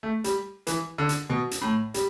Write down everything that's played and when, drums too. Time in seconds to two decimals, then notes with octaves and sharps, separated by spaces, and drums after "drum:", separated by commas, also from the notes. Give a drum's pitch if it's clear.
0.03 A3
0.24 G3, drum: hi-hat
0.67 E3, drum: hi-hat
0.98 D3
1.09 drum: hi-hat
1.30 B2
1.51 drum: hi-hat
1.61 A2
1.94 G3, drum: hi-hat